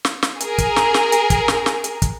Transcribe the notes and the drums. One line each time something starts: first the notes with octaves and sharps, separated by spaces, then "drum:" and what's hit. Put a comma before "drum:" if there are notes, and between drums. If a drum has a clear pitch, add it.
drum: snare
drum: snare
G#4 A#4, drum: hi-hat
drum: kick, hi-hat
drum: snare
drum: snare
drum: hi-hat
drum: kick, hi-hat
drum: snare
drum: snare
drum: hi-hat
drum: kick, hi-hat